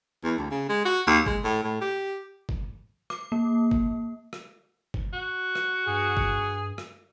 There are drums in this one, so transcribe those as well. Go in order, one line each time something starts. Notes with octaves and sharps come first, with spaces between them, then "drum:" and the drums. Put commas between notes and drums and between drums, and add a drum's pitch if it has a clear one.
E2
D2
C#3
G#3
F#4
D#2
G#3, drum: kick F#1
A2
A2
G4
drum: kick F#1
D6, drum: rim click
A#3
drum: kick F#1
drum: rim click
drum: kick F#1
F#4
drum: rim click
G2 G#4
drum: kick F#1
drum: rim click